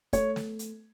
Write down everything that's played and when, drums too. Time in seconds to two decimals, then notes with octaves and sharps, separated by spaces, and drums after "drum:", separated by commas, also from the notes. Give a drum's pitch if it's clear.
0.13 A3 C#5, drum: kick, hi-hat
0.36 drum: snare
0.59 drum: hi-hat